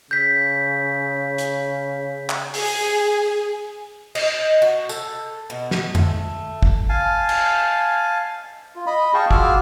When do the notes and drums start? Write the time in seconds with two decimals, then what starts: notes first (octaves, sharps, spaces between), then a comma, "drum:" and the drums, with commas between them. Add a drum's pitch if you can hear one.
0.11 C#3 G6 B6
1.38 drum: hi-hat
2.29 drum: clap
2.54 G#4, drum: open hi-hat
4.15 D#5, drum: cymbal
4.62 F#4
4.89 A4, drum: tambourine
5.50 B2
5.71 drum: snare
5.95 A3, drum: tom F2
6.62 drum: kick
6.89 F5 G#5 A5
7.29 drum: cymbal
8.75 F4
8.87 D#5 B5
9.14 G#4 F5 G5 A5 C#6
9.31 F4 F#4 G#4 D6 E6 F6, drum: kick